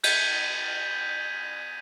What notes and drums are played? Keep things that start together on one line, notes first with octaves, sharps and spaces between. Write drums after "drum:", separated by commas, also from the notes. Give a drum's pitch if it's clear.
G6 G#6 B6 D#7, drum: cymbal